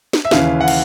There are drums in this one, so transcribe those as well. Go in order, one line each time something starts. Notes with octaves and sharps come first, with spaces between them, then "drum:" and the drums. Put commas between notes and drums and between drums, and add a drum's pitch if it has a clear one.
drum: snare
E5
D#2 C#3 E3 F5, drum: snare
F#5
F5, drum: cymbal